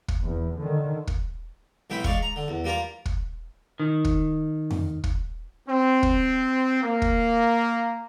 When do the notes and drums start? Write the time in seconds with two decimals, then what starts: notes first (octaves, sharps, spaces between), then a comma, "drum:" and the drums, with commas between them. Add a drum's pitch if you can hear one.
0.08 drum: kick
0.22 E2
0.58 D3 D#3
1.07 drum: kick
1.90 B1 E3 G#3 G5 B5
2.04 G#3 D5 F5 C#6, drum: kick
2.22 A#5
2.36 D3
2.48 E2
2.64 G3 A#3 F4 A#4
3.05 drum: kick
3.80 D#3
4.05 drum: kick
4.71 drum: tom F2
5.04 drum: kick
5.68 C4
6.03 drum: kick
6.83 A#3
7.02 drum: kick